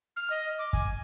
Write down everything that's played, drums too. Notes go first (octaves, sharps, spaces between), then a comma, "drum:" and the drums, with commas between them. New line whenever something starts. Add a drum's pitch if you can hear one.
F6
D#5
D6
G#5, drum: kick